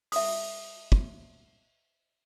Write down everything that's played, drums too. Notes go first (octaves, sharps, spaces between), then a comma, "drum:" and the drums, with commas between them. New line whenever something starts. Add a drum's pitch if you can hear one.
E5 D#6, drum: open hi-hat
drum: kick